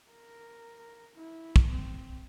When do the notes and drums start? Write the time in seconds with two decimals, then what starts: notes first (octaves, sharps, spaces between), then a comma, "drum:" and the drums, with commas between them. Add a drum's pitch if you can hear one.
0.11 A#4
1.15 E4
1.56 drum: kick
1.67 C4